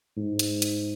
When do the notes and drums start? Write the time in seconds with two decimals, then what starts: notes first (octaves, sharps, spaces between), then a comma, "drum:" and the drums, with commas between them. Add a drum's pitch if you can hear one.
0.17 G#2
0.39 drum: hi-hat
0.62 drum: hi-hat